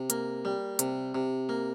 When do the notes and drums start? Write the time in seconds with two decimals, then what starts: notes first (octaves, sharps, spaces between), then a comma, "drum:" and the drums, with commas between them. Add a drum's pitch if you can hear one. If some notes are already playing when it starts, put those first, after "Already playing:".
Already playing: C3
0.10 A#3, drum: hi-hat
0.45 G3
0.79 C3, drum: hi-hat
1.15 C3
1.49 A#3